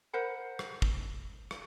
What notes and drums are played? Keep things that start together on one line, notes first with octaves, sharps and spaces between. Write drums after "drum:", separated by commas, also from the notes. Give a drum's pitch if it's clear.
A#4 C5 F#5 B5
drum: rim click
drum: kick
drum: rim click